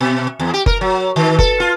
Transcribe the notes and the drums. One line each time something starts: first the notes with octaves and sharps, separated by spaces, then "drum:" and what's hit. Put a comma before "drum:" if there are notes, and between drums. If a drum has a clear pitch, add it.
B2
E2
G4
A#4, drum: kick F#1
F#3
D#3
A4, drum: kick F#1
F4